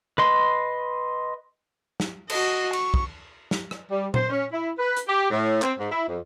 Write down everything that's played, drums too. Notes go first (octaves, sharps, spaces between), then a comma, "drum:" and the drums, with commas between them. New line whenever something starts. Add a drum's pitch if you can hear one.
B4 D#5 C6
drum: snare
F#4 D#5, drum: cymbal
C#6, drum: cymbal
drum: kick
drum: snare
drum: rim click
G3
C5, drum: tom A#2
C#4
E4
B4
drum: hi-hat
G4
A2
C4, drum: clap
G#2
E4
F2